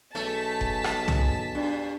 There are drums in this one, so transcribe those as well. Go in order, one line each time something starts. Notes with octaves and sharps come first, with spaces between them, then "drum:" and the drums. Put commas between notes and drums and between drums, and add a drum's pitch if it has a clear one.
B1 A3 G#4 A5 B6
drum: kick F#1
drum: rim click
drum: tom C2
G2 D4